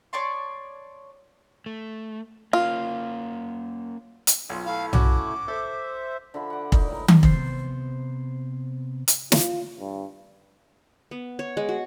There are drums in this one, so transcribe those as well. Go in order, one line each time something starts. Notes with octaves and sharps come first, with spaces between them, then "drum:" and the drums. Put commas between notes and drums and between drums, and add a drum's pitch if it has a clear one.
C#5 D5 A5 C6
A3
A#3 C#4 F4
drum: hi-hat
B1 F4
A3 E4 F5
C#4 F#4 D6, drum: tom B1
A4 C5 E5
D3 F3 E5 B5
F#5 D6
A#2 D#4, drum: kick
A2 B4 A#5
drum: tom D#3
C3 B3 C5, drum: kick
drum: hi-hat
F4, drum: snare
G2
B3
C#5
G#3
F#4